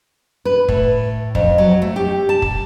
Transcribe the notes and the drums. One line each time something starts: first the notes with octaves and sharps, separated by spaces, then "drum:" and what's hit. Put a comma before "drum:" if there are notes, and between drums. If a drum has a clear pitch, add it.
B4
A2, drum: kick
F2, drum: kick
F#3
A3
G4
A5
drum: kick